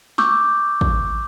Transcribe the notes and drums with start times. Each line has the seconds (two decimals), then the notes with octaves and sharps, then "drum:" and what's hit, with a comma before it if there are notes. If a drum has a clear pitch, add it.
0.18 C#6 D6 E6 G6, drum: snare
0.81 drum: kick